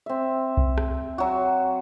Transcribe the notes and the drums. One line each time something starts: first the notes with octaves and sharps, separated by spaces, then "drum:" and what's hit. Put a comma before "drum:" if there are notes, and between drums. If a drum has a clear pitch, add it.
C4 E5
drum: kick C2
drum: rim click
F#3 F#4